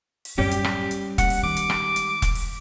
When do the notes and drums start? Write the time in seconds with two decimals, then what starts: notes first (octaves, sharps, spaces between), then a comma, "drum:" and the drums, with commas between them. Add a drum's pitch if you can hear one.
0.25 drum: open hi-hat
0.38 F#2 A2 G3 C#4 G4
0.51 drum: hi-hat
0.64 drum: rim click
0.91 drum: hi-hat
1.18 D3 A#3 F#5, drum: kick E1, hi-hat
1.30 drum: open hi-hat
1.43 D#3 G#3 D6
1.56 drum: hi-hat
1.70 drum: rim click
1.96 drum: hi-hat
2.22 drum: kick E1, hi-hat
2.35 drum: open hi-hat